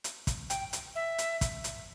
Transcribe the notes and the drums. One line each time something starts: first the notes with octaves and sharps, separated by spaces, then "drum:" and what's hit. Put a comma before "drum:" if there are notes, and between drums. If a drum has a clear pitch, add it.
drum: hi-hat
drum: kick, hi-hat
G5, drum: hi-hat
drum: hi-hat
E5
drum: hi-hat
drum: kick, hi-hat
drum: hi-hat